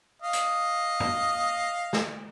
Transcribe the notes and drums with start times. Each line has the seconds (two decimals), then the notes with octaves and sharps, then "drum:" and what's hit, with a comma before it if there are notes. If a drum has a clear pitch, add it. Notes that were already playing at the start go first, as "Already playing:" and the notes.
0.22 D#5 F5
0.33 drum: hi-hat
1.00 drum: tom G2
1.93 drum: snare